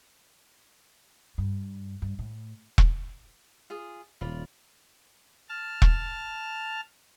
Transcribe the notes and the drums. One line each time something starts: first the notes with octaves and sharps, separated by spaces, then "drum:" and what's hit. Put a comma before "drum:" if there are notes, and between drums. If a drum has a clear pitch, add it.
G2
G2
A2
drum: kick E1
F4 G#4
D#1 F4 D5 B5
A5 F6
drum: kick E1